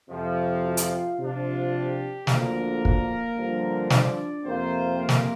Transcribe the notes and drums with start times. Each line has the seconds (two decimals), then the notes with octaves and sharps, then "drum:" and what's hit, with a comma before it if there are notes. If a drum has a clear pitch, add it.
0.10 F2 C3 F3
0.64 F4
0.77 drum: hi-hat
1.18 C3 F3 D4 F4
1.73 G4
2.27 D2 D3 F3 A#3 A#4, drum: snare
2.85 drum: kick
3.36 G2 D3 F3
3.90 D4 D5, drum: snare
4.44 F2 C3 A#3 C4 F4 C5
4.99 A#3 A#4
5.09 drum: snare